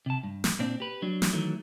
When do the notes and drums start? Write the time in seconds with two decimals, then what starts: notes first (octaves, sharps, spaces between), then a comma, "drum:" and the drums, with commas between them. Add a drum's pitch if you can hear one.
0.06 C3 A5
0.23 G2
0.44 drum: snare
0.59 A#2 C4 D4
0.80 G4 B4
1.02 F#3 D4
1.22 drum: snare
1.33 D#3 E3 F#3 A3